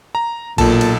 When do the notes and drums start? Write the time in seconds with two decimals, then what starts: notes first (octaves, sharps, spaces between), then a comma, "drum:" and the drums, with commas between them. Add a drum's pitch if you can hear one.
0.15 A#5
0.58 B1 A#2 A4 A5, drum: kick A1, cymbal
0.81 drum: cymbal